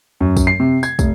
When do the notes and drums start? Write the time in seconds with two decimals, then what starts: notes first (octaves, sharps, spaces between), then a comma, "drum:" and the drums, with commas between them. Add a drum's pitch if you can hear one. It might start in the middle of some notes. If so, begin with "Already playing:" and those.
0.21 F#2
0.37 drum: kick, tambourine
0.47 C7
0.60 C3
0.83 G#6, drum: tambourine
0.99 F1, drum: kick, tambourine